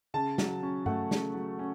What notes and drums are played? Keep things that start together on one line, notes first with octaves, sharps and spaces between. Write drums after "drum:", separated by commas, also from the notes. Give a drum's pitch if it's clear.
C#3 A5
F#3, drum: snare
C#4
A3 F#5, drum: tom G2
C#3, drum: snare
F#3
C#4